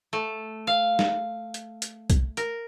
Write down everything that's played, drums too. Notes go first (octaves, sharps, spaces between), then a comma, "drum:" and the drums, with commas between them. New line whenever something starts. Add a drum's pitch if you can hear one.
A3
F5
drum: snare
drum: hi-hat
drum: hi-hat
drum: kick B1, hi-hat
A#4, drum: hi-hat